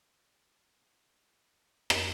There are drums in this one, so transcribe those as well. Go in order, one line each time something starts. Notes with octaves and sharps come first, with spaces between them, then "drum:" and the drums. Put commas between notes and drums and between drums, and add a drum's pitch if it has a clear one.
A3 F6 F#6
F3
drum: rim click